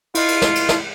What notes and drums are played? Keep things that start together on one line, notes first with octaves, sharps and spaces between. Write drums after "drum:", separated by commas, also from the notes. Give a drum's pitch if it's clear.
E4 F4 D#5, drum: cymbal
drum: cymbal
drum: snare
drum: cymbal
drum: snare